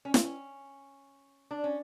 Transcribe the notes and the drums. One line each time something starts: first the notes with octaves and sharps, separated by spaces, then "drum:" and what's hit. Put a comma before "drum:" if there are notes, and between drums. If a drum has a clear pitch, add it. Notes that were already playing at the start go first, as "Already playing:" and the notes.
C#4
C4, drum: snare
C#4
D4
C#4